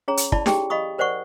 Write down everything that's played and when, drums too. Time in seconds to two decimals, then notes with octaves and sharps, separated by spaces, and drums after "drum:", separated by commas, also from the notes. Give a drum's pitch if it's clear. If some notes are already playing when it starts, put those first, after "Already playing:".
0.08 C#4 G#4 C#5 A#5
0.17 drum: hi-hat
0.32 E4 D5 A5 B5, drum: kick
0.46 G4 G#4 G5, drum: snare D#4
0.70 D#5 F5 B5 C#6 D#6
0.98 A#4 C5 D5 F#5 C#6